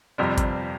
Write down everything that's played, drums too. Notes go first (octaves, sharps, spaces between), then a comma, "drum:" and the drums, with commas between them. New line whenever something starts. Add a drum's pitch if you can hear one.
G1 F2 C3 G3
drum: kick G#1, hi-hat